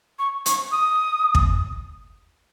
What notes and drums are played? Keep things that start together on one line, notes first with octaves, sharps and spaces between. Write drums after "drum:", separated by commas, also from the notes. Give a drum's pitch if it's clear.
C#6
C#6, drum: hi-hat
D#6
drum: kick